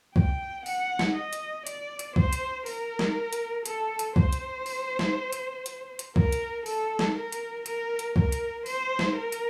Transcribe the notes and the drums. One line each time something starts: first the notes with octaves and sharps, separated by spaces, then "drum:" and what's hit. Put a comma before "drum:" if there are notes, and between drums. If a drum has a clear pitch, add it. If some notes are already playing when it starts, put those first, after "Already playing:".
G5, drum: kick C2
F#5, drum: open hi-hat
drum: snare
D#5
drum: hi-hat
D5, drum: hi-hat
drum: hi-hat
C5, drum: kick C2
drum: hi-hat
A#4, drum: open hi-hat
drum: snare
drum: hi-hat
A4, drum: hi-hat
drum: hi-hat
C5, drum: kick C2
drum: hi-hat
drum: open hi-hat
drum: snare
drum: hi-hat
drum: hi-hat
drum: hi-hat
A#4, drum: kick C2
drum: hi-hat
A4, drum: open hi-hat
drum: snare
A#4
drum: hi-hat
A#4, drum: hi-hat
drum: hi-hat
A#4, drum: kick C2
drum: hi-hat
C5, drum: open hi-hat
drum: snare
A#4
drum: hi-hat